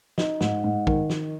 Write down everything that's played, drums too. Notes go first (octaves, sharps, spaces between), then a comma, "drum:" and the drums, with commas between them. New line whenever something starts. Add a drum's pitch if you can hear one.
D#4, drum: snare
G#2, drum: snare
G#2
D#3, drum: kick
drum: snare